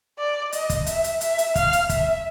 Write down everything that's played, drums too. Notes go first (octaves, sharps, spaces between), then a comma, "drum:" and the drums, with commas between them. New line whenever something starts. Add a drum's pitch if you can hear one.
D5
D#5, drum: hi-hat
drum: kick, hi-hat
E5, drum: hi-hat
drum: hi-hat
E5, drum: hi-hat
drum: hi-hat
F5, drum: kick, hi-hat
drum: hi-hat
E5, drum: kick, hi-hat